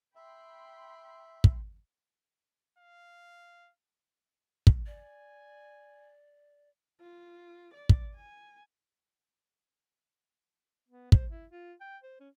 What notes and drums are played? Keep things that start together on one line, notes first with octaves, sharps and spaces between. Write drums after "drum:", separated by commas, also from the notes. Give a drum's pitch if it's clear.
E5 G5 B5 C6
drum: kick
F5
drum: kick
D5 G#5
F4
D5
drum: kick
G#5
B3
C5, drum: kick
E4
F4
G5
C5
C#4